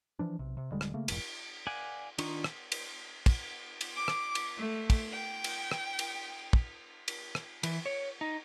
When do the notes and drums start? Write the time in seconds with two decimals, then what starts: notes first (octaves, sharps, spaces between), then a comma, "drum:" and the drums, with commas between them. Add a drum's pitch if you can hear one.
0.19 E3 F3 D4
0.39 B1 C3
0.57 C3
0.72 D#1 D3 G3 G#3
0.81 drum: rim click
0.94 C#3 A3 A#3
1.08 F1 A#1 E2 G#2, drum: cymbal
1.67 D5 F5 F#5 G#5
2.18 D#3 D4 D#4 F4 C#6, drum: cymbal
2.44 drum: rim click
2.72 drum: cymbal
3.26 drum: kick, cymbal
3.81 drum: cymbal
3.96 D6
4.08 drum: rim click
4.35 drum: cymbal
4.56 A3
4.90 drum: kick, cymbal
5.12 G5
5.44 drum: cymbal
5.71 drum: rim click
5.99 drum: cymbal
6.53 drum: kick
7.08 drum: cymbal
7.35 drum: rim click
7.63 E3, drum: cymbal
7.86 C#5
8.21 D#4